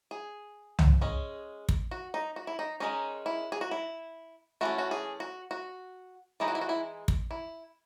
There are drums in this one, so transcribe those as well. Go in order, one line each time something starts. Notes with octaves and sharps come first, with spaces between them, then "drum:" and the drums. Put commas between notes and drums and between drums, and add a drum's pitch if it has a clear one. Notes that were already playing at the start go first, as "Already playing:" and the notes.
G#4
drum: tom
G#3 C#4
drum: kick
F#4
D#4
F#4
E4
D#4
D#3 G#3 C#4 D#4
E4
G#4
F#4
E4
E3 A3 C#4 F#4
F#4
G#4
F#4
F#4
E3 G#3 D#4 E4
F#4
E4
F#4
E4
drum: kick
E4